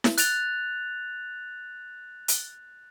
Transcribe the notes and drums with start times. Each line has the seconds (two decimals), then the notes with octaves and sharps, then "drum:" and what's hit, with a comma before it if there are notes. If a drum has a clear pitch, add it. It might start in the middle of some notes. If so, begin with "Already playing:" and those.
0.04 drum: snare E4
0.18 F#6 A6 F7, drum: hi-hat
2.28 drum: hi-hat